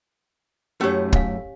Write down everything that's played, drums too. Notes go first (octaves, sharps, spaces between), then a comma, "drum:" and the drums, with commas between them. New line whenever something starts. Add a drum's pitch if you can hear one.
F#2 A3 C#4 G4 C#5
F5 G#5, drum: kick